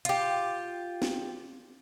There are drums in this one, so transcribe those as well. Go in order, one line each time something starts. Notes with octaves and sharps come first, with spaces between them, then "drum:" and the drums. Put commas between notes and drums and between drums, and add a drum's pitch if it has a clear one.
F4 G4, drum: hi-hat
drum: snare